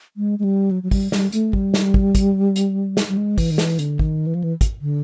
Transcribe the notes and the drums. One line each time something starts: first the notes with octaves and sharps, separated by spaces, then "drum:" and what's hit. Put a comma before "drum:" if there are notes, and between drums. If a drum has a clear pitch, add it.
G#3
G#3
G3
F#3
F#3
G3, drum: kick, open hi-hat
G3, drum: snare
A3, drum: hi-hat
G3, drum: kick
drum: snare
drum: kick
drum: kick, hi-hat
drum: hi-hat
drum: snare
G3
G#3
E3, drum: kick, open hi-hat
D#3
E3, drum: snare
D3, drum: hi-hat
D#3, drum: kick
E3
F3
E3
drum: kick, hi-hat
D3